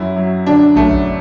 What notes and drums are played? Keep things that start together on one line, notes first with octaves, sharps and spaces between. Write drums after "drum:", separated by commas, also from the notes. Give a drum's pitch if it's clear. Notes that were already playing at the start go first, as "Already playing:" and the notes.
Already playing: F#2 E4
F#3
D3 D4
F#2 A3, drum: kick
drum: kick